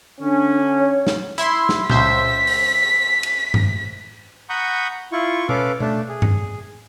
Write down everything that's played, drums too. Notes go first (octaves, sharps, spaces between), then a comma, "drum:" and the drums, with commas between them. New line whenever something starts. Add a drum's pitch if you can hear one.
D3 C#4 D4
C#5
drum: snare
E4 E5 C6, drum: hi-hat
drum: snare
C#2 C5 E5 B6, drum: tom A#2
drum: open hi-hat
drum: cymbal
drum: tom G2
F#5 A#5 B5 C#6 D#6 G6
E4 F4 C#6
C#4 A4 B4 F5 D6, drum: tom B2
A3 D4, drum: tom B2
G#4
drum: tom G2